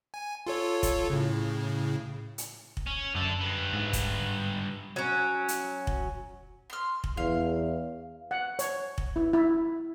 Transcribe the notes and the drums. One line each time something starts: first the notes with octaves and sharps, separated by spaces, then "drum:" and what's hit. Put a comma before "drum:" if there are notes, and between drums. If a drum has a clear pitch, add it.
G#5
F4 A4 C#5
drum: kick, hi-hat
A2 C#3
drum: hi-hat
drum: kick
C#4
F#2 D4 A4
G2 B3
G#2
drum: kick, hi-hat
F#3 C#4
drum: hi-hat
drum: kick
C6 F6
drum: kick
E2 F5
F#5
C#5, drum: hi-hat
drum: kick
E4
E4